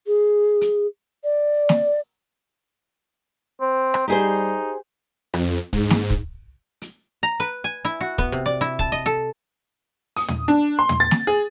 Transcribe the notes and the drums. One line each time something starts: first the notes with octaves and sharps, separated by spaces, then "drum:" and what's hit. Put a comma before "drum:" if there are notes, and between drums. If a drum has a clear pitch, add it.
G#4
drum: hi-hat
D5
drum: snare
C4 C5
drum: rim click
G3 D#4 G4 G#4 C5
F2, drum: rim click
G#2, drum: kick
drum: snare
drum: kick
drum: hi-hat
A#5
B4
G#5
E4
F#4
B3, drum: kick
C3
D5
E4
A5, drum: kick
D#5
A4
D#6, drum: open hi-hat
drum: tom
D4
C6
drum: tom
A6
drum: snare
G#4